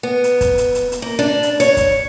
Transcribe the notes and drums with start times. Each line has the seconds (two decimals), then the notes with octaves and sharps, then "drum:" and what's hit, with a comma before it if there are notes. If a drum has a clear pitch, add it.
0.03 B3
0.24 drum: hi-hat
0.41 drum: kick, hi-hat
0.58 drum: hi-hat
0.75 drum: hi-hat
0.92 drum: hi-hat
1.02 A#3
1.19 D4
1.43 drum: hi-hat
1.60 C#5, drum: hi-hat
1.77 drum: kick, hi-hat